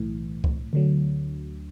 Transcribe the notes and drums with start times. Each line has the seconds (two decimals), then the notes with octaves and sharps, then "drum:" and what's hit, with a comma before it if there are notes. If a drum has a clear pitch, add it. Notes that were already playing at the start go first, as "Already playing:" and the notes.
Already playing: B1 A2 E3
0.44 drum: kick C#2
0.73 D2 D3 F#3